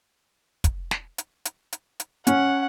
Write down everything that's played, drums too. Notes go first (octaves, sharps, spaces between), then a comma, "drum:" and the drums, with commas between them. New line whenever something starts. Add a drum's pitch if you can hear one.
drum: kick, hi-hat
drum: snare
drum: hi-hat
drum: hi-hat
drum: hi-hat
drum: hi-hat
C#4 F#5, drum: hi-hat